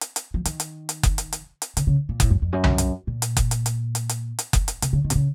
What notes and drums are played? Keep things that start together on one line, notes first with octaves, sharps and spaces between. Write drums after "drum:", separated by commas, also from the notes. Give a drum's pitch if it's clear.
drum: hi-hat
drum: hi-hat
F3
D#3, drum: hi-hat
drum: hi-hat
drum: hi-hat
drum: kick F#1, hi-hat
drum: hi-hat
drum: hi-hat
drum: hi-hat
C#3, drum: hi-hat
C#3
A#2
A2, drum: kick F#1, hi-hat
F#2
F2
F#2
drum: tom C2
drum: hi-hat
A#2
drum: hi-hat
drum: kick F#1, hi-hat
drum: hi-hat
drum: hi-hat
drum: hi-hat
drum: hi-hat
drum: hi-hat
drum: kick F#1, hi-hat
drum: hi-hat
C3, drum: hi-hat
C#3
D#3
C3, drum: hi-hat
C#3